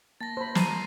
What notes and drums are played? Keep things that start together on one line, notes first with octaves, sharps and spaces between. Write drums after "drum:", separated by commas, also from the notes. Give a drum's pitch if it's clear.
A#3 A5 A6 A#6
C5 B5 C6
A5 A#5 C7 D#7, drum: snare